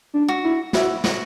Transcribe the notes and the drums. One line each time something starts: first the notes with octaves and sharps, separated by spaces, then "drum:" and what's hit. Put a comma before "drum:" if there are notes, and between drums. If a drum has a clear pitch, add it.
D4
F#4
E4
E4 F#4, drum: snare
F#4, drum: snare